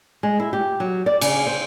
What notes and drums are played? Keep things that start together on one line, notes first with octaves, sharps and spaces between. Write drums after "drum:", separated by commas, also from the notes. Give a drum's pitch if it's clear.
G#3
E4
G4
F#3
D5
C#3, drum: cymbal
C5